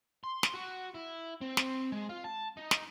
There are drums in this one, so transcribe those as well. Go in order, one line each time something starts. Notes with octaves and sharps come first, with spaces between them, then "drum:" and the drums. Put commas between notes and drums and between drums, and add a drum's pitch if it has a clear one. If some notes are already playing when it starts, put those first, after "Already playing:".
C6
drum: snare
F#4
E4
C4
drum: snare
G#3
F4
A5
D#4
drum: snare